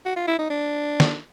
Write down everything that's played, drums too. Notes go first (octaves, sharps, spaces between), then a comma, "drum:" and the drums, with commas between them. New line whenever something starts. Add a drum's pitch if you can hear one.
F#4
F4
E4
D#4
D4
drum: snare